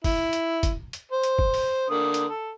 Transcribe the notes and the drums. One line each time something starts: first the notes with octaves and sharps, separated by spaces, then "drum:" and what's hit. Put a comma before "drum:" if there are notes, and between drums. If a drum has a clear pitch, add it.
E4, drum: kick, open hi-hat
drum: hi-hat
drum: kick, hi-hat
drum: hi-hat
C5
drum: hi-hat
drum: kick
drum: open hi-hat
D3 A#3 D#6
drum: hi-hat
A4